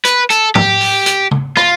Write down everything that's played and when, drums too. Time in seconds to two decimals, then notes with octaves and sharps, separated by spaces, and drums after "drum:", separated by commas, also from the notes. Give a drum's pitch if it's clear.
0.05 B4, drum: hi-hat
0.30 A4, drum: hi-hat
0.55 G4, drum: tom
0.81 drum: open hi-hat
1.06 drum: hi-hat
1.31 drum: tom
1.57 F4, drum: rim click